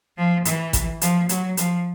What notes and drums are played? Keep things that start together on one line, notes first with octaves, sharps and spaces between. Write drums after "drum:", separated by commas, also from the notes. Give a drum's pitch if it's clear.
F3
E3, drum: hi-hat
drum: kick G#1, hi-hat
F3, drum: hi-hat
F#3, drum: hi-hat
F3, drum: hi-hat